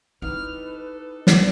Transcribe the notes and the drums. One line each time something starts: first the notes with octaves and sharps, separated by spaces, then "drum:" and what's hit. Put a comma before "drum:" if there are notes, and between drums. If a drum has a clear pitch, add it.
D#4 E4 G4 B4 F6
A4
drum: snare